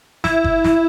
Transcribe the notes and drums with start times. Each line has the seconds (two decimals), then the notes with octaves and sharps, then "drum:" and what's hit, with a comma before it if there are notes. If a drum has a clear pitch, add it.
0.24 E4, drum: snare
0.44 drum: kick F#1
0.64 drum: snare